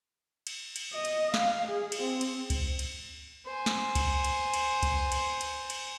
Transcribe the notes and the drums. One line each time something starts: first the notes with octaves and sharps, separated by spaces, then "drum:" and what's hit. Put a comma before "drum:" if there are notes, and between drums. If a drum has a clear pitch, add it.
drum: cymbal
drum: cymbal
D#5
drum: cymbal
F5, drum: snare
G#4
drum: cymbal
C4
drum: cymbal
drum: kick C#2, cymbal
drum: cymbal
C5 G#5
drum: snare
drum: kick C#2, cymbal
drum: cymbal
drum: cymbal
drum: kick C#2, cymbal
drum: cymbal
drum: cymbal
drum: cymbal